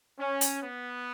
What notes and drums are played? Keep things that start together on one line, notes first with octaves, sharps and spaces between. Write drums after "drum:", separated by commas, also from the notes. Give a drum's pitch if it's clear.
C#4
drum: hi-hat
B3